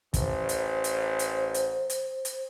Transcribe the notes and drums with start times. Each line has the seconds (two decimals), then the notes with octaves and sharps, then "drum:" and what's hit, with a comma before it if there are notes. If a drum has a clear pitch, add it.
0.14 A1 C5, drum: kick, hi-hat
0.49 drum: hi-hat
0.84 drum: hi-hat
1.19 drum: hi-hat
1.54 drum: hi-hat
1.90 drum: hi-hat
2.25 drum: hi-hat